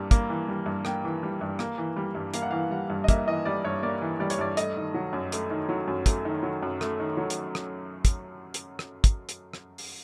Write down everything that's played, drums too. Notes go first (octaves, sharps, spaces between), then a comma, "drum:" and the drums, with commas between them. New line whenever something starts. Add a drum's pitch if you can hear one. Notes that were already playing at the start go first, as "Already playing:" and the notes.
Already playing: G2 G3 A#3
A#3, drum: kick, hi-hat
E3
G3
G2
A#3 G5, drum: rim click
E3
G3
G2
A#3, drum: rim click
E3
G3
G2
A#3 F5, drum: hi-hat
F#5
E3 F5
G3 F#5
G2
D#5
A#3 E5, drum: kick, hi-hat
E3 D#5
G3 D5
G2 C#5
A#3 D5
E3
G3 D5
C#5, drum: hi-hat
G2 D5
A3 D#5, drum: hi-hat
D#3
F#3
F#2
A3, drum: hi-hat
D#3
F#3
F#2
A3, drum: kick, hi-hat
D#3
F#3
F#2
A3, drum: rim click
D#3
F#3
drum: hi-hat
drum: rim click
drum: kick, hi-hat
drum: hi-hat
drum: rim click
drum: kick, hi-hat
drum: hi-hat
drum: rim click
drum: open hi-hat